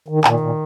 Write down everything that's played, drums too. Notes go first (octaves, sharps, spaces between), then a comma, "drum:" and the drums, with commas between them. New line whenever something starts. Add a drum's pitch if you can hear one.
D#3
A#2 D#3, drum: clap
A#2